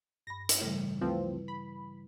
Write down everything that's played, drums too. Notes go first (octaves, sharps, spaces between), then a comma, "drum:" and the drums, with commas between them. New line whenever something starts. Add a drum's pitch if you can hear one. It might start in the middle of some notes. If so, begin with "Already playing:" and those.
G2 B5 A#6
drum: hi-hat
A2 C#3 E3 G3
D2 F3 C4 E4 B4
B5